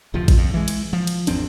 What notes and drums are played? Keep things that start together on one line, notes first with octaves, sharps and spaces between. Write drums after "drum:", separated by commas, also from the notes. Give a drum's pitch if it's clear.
F1 D2 F3
drum: kick A1, cymbal
F2
E3 G#3
drum: cymbal
F3
drum: cymbal
G#1 E2 C4 D4, drum: cymbal